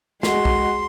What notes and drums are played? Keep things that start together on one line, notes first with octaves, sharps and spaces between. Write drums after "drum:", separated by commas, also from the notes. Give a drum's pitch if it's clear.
G#3 F#4 C6, drum: snare
drum: kick B1